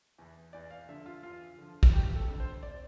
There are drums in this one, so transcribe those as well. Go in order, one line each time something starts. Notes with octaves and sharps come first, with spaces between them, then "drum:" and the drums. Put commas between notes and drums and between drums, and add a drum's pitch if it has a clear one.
E2 E3
E2 D5
F5
D3 F3 E5
F4
E2 F4
D3 F3
drum: kick
G1 G4
A4
F2 D3
C5
D5